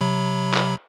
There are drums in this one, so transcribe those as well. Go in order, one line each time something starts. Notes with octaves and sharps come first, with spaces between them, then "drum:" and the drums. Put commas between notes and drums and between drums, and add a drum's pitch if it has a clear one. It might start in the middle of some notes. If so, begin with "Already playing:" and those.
C3 F#3 B5
drum: clap